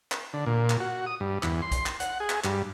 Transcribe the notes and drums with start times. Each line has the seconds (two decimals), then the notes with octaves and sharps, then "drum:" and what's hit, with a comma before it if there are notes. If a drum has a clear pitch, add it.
0.12 drum: clap
0.33 D3
0.46 A#2
0.70 drum: clap
0.80 F#4
1.06 D#6
1.20 G2
1.43 E2, drum: clap
1.62 C6
1.71 drum: kick B1, hi-hat
1.86 drum: clap
2.00 F#5, drum: hi-hat
2.20 G#4
2.30 drum: clap
2.44 G2, drum: clap